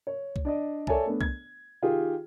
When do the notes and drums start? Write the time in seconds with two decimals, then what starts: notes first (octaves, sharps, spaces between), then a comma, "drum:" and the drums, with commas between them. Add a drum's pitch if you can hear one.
0.07 C#5
0.36 drum: kick C2
0.45 D4 D5 D#5
0.87 A4 C#5 D5 E5 G#5 A5, drum: kick C2
1.06 A3 B3 D4
1.21 G#6, drum: kick C2
1.82 D#3 F4 G4 G#4